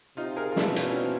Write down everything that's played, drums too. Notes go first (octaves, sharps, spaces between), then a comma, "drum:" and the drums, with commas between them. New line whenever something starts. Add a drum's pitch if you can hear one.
C3 D#4 F4
G#4 A#4
F4
B2 D4 E4, drum: snare
C#4 D#4, drum: hi-hat
C#4
C4 D4